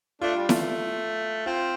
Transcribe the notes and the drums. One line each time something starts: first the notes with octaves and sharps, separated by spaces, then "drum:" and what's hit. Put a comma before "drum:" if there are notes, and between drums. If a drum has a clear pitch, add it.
A3 D4 F4
G3
A3, drum: snare E4
C4 F4